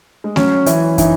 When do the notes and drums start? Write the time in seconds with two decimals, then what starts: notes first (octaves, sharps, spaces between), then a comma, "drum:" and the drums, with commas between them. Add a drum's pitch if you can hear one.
0.24 G#3
0.36 F#3 C#4, drum: snare A3
0.66 E3 C#4, drum: hi-hat
0.98 E3 D#4, drum: kick, hi-hat